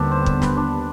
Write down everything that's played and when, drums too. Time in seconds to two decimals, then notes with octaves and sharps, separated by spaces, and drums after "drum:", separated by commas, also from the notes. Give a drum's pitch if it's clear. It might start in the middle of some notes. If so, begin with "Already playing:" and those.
Already playing: D#2 D3 G3 B3 C4 D4
0.12 C5
0.26 drum: kick
0.42 B4, drum: snare
0.57 D4